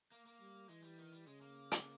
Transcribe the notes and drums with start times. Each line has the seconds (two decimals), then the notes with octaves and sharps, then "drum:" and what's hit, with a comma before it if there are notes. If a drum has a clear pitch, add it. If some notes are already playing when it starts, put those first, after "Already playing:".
0.12 A#3
0.26 A#3
0.40 G3
0.69 E3 G#3
0.83 G3
0.98 D#3
1.12 G3
1.26 C#3 G#3
1.41 A#3
1.71 drum: hi-hat